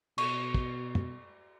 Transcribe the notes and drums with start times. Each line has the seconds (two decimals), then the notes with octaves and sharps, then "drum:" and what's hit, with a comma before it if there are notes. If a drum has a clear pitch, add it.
0.18 B2 C#6, drum: cymbal
0.54 drum: kick
0.95 drum: tom